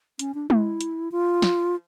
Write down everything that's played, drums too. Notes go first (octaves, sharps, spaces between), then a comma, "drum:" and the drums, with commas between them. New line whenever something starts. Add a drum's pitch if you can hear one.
C#4, drum: hi-hat
D4
E4, drum: tom G#3
drum: hi-hat
F4
drum: snare